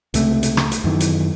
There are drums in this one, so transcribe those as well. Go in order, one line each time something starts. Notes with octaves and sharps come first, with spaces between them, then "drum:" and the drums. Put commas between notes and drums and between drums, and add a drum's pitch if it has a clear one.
C#2 C3 A3, drum: hi-hat
drum: hi-hat
drum: rim click
drum: hi-hat
F#2 D#3 E3
drum: hi-hat